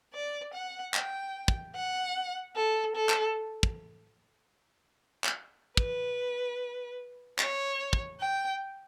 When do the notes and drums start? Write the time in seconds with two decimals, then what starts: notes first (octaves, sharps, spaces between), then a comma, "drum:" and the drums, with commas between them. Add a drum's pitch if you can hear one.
0.14 D5
0.54 F#5
0.94 G5, drum: clap
1.48 drum: kick
1.75 F#5
2.56 A4
2.96 A4
3.09 drum: clap
3.63 drum: kick
5.24 drum: clap
5.77 B4, drum: kick
7.39 C#5, drum: clap
7.93 drum: kick
8.20 G5